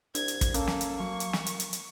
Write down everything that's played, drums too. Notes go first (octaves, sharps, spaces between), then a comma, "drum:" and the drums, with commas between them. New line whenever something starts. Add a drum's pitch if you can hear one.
C2 D4 G#6, drum: hi-hat
drum: hi-hat
drum: kick, hi-hat
A#3 C#4 A4, drum: hi-hat
drum: snare
drum: hi-hat
F#3 C#6
drum: hi-hat
drum: snare
drum: hi-hat
drum: hi-hat
drum: hi-hat